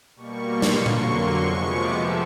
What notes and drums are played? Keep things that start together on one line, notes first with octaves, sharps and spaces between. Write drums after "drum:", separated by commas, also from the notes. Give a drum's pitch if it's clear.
B2 G3 A#3 C#6
C6
drum: snare
F2 D3 F#3 A#3 C#6
drum: tom A#2
C6
C3 F3 G#3 B3 C#6
D6
F2 C3 F3 A3 E6